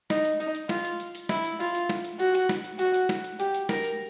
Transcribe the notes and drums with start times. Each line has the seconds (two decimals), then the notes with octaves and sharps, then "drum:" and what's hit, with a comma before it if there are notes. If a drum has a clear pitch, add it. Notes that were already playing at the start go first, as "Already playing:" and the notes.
0.10 D#4, drum: snare
0.25 drum: hi-hat
0.40 D#4, drum: hi-hat
0.55 drum: hi-hat
0.69 F4, drum: snare
0.85 drum: hi-hat
1.00 drum: hi-hat
1.15 drum: hi-hat
1.29 E4, drum: snare
1.45 drum: hi-hat
1.60 F4, drum: hi-hat
1.75 drum: hi-hat
1.90 drum: snare
2.05 drum: hi-hat
2.20 F#4, drum: hi-hat
2.34 drum: hi-hat
2.49 drum: snare
2.64 drum: hi-hat
2.79 F#4, drum: hi-hat
2.94 drum: hi-hat
3.09 drum: snare
3.24 drum: hi-hat
3.40 G4, drum: hi-hat
3.54 drum: hi-hat
3.69 A#4, drum: snare
3.84 drum: hi-hat